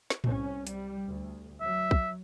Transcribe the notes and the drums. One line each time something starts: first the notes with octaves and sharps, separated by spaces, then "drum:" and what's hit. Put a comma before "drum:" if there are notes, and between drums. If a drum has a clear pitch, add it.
drum: snare
C2 C#4, drum: tom A2
G3, drum: hi-hat
D2
F#3 E5
drum: kick